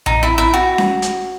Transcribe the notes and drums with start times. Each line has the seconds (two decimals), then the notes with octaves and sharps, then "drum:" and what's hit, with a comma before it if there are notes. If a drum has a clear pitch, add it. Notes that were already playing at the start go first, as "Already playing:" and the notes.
0.06 D#4, drum: tom A#1
0.23 E4
0.38 E4
0.54 F#4
0.78 drum: snare C#4
1.02 drum: hi-hat